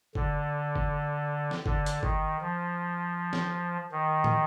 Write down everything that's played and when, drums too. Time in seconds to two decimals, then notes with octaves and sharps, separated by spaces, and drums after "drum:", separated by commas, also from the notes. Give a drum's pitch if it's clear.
0.15 D3, drum: kick G1
0.76 drum: kick G1
1.51 drum: snare
1.66 D3, drum: kick G1
1.86 drum: hi-hat
2.03 D#3, drum: kick G1
2.42 F3
3.33 drum: snare
3.92 D#3
4.24 drum: tom